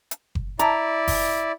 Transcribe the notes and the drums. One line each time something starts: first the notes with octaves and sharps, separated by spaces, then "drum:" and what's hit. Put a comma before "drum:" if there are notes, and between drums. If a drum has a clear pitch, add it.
drum: hi-hat
drum: kick F#1
E4 D5 A#5, drum: hi-hat
drum: kick F#1, open hi-hat